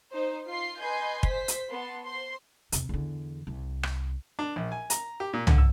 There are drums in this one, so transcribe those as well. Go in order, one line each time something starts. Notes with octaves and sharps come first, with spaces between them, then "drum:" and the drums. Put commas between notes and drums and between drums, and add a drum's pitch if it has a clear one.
D#4 C5
F4 C6 C7
B4 D#5 G#5 C6 G6
C5 B6, drum: kick
drum: hi-hat
B3 A5 C6
C5 C6
E2 C3, drum: hi-hat
E2 D3
C2
drum: rim click
D4
A#1
G#5
A#5, drum: hi-hat
G4
A#2
D3, drum: tom C2
E6